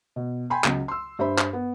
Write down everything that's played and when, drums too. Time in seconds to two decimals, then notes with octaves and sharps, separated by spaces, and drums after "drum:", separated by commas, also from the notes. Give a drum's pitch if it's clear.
0.16 B2
0.50 G5 G#5 B5 C6
0.64 C#2 F#3, drum: clap
0.88 C6 E6
1.19 G2 C5 E5 B5
1.38 drum: clap
1.53 B3